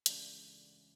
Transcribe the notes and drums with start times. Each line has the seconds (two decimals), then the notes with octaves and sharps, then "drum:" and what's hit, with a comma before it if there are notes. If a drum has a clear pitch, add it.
0.06 D2 C#3 E3 G#3 D5, drum: hi-hat